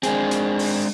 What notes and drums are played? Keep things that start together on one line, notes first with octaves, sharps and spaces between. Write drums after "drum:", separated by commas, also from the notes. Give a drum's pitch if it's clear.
G#3 C4 D4 G#4, drum: hi-hat
drum: hi-hat
drum: open hi-hat